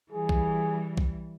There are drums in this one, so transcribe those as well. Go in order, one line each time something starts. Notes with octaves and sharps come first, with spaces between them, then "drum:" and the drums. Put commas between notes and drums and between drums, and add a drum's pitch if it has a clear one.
E3 G3 G#4
drum: kick B1
drum: kick B1